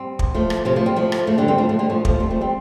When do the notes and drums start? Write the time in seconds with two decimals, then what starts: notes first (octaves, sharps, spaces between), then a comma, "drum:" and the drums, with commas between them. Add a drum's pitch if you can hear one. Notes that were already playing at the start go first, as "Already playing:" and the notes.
Already playing: G3 C4
0.19 drum: kick
0.34 F3 A3
0.50 drum: rim click
0.65 C3 F3
0.76 F3 A3
0.86 G3 C4
0.96 F3 A3
1.12 drum: rim click
1.27 F3 A3
1.38 D3 G3
1.48 G3 C4
1.58 F3 A3
1.69 F3 A3
1.79 D3 G3
1.90 F3 A3
2.05 F3 A3, drum: kick
2.20 G3 C4
2.30 F3 A3
2.41 G3 C4